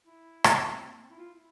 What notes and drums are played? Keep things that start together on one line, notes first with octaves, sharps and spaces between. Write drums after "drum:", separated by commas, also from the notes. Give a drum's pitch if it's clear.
E4
drum: rim click
A#3
C4
A#3
C4
E4
F4
E4